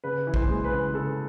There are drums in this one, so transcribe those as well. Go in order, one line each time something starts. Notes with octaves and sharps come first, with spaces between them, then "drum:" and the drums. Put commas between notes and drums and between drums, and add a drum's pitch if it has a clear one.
C#3 B4
E3
C5, drum: kick B1
G#3
B4
C#3
C#3 A4